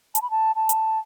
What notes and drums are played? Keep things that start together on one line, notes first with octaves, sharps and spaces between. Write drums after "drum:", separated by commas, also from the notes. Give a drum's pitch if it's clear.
A5, drum: hi-hat
B5
A5
A5
drum: hi-hat